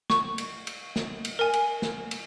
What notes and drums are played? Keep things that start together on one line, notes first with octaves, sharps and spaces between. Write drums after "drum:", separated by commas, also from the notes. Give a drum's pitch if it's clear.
C#6, drum: snare
drum: cymbal
drum: cymbal
drum: snare
drum: cymbal
A#4 G#5
drum: cymbal
drum: snare
drum: cymbal